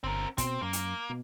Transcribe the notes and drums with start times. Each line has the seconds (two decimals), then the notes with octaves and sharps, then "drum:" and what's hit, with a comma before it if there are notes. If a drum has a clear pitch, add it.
0.04 G1 C4 A#4
0.38 B2 C4, drum: kick, hi-hat
0.62 F#2 A#3
0.73 drum: hi-hat
1.10 B2